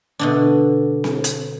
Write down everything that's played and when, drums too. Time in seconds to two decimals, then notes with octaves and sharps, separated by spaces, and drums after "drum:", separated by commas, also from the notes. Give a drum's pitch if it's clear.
0.19 B2 D3 D4
1.04 drum: snare C4
1.24 drum: hi-hat